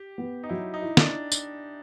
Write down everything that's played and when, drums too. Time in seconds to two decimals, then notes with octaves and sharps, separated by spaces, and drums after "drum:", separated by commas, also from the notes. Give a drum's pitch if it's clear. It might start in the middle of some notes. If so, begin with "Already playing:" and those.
Already playing: G4
0.18 B3
0.43 D#4
0.49 F#3 E4
0.74 D#4
0.82 E4
0.97 D4, drum: snare
1.32 drum: tambourine